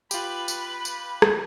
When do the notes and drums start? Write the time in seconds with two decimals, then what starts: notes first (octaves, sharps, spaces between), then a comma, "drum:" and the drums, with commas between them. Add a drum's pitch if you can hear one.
0.11 F4 G4 B4 B5, drum: tambourine
0.48 drum: tambourine
0.85 drum: tambourine
1.22 drum: rim click